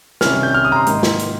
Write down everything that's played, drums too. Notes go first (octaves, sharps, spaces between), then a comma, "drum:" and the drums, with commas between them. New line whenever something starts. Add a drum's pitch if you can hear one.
C3 D#3 G3 C#4 F6, drum: snare
G6
F6
D#6
A#5
C6
G#2 D#3 A#3 D#4, drum: hi-hat
drum: snare
drum: hi-hat